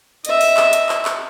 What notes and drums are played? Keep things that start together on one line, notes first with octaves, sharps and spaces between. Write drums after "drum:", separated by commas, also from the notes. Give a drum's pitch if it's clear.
D#5 E5, drum: hi-hat
drum: open hi-hat
drum: clap
drum: hi-hat
drum: clap
drum: clap